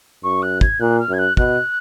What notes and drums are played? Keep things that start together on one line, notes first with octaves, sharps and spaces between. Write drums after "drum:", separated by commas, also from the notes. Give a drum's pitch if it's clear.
F#2 C#6
F#6
G#6, drum: kick
A#2 F#6
F6
F#2 G#6
F#6
B2 F#6, drum: kick